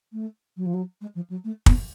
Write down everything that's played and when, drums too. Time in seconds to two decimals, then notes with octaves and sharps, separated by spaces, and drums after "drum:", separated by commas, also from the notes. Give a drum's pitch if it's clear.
0.12 A3
0.57 F#3
0.65 F3
0.73 F#3
1.01 G#3
1.15 F3
1.29 F#3
1.44 A3
1.66 B3, drum: kick